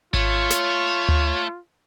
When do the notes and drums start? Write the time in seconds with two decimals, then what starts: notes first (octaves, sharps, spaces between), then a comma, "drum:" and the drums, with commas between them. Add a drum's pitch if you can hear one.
0.14 A3 F4 C#5, drum: kick G#1
0.50 drum: snare
1.09 drum: tom D2